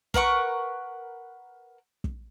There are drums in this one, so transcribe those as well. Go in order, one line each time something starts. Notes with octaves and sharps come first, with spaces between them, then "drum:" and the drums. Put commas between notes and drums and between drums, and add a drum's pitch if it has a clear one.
A#4 B4 F#5 C#6, drum: kick
drum: kick